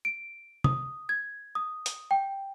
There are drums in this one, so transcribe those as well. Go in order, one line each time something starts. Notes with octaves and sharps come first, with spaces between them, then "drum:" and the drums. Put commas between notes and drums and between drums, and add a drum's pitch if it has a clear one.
D7
D#6, drum: tom C3
G#6
D#6
drum: hi-hat
G5